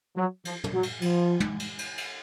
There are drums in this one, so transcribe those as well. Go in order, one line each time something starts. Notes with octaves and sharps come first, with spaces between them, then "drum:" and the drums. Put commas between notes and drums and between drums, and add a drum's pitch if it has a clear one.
F#3
F3, drum: cymbal
drum: tom
F#3
drum: cymbal
F3, drum: cymbal
drum: tom
drum: cymbal
drum: cymbal
drum: cymbal